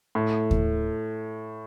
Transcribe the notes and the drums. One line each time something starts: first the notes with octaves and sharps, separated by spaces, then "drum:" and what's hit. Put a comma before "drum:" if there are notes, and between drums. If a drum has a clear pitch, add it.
A2
drum: kick D#2